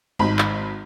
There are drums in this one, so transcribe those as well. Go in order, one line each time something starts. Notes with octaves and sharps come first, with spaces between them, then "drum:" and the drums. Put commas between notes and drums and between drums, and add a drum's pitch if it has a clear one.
G#1 D#4 B5
drum: clap